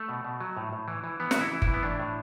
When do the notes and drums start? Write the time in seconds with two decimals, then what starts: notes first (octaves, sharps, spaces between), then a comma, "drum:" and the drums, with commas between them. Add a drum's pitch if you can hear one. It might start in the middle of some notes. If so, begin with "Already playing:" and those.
Already playing: A3
0.09 B2
0.25 B2
0.40 F#3
0.57 A2
0.73 A2
0.88 E3
1.04 E3
1.20 E3 B3
1.31 E3 F#4, drum: snare
1.41 E4
1.51 E3
1.62 E4, drum: kick
1.67 E3
1.74 B3
1.83 A2 D4
2.00 A2